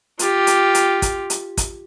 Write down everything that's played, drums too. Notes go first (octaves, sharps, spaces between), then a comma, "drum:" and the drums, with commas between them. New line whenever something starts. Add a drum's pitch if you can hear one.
F4 G4, drum: hi-hat
drum: hi-hat
drum: hi-hat
drum: kick, hi-hat
drum: hi-hat
drum: kick, hi-hat